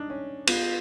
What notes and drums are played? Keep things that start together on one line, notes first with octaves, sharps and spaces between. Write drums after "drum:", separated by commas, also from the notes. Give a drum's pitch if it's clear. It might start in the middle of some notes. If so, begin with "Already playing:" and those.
Already playing: D4 D#4
C#4
B3 F4, drum: cymbal